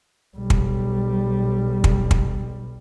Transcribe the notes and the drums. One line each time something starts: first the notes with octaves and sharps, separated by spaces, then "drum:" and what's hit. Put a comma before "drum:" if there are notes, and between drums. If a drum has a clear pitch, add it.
B1 G3
drum: kick
drum: kick
drum: kick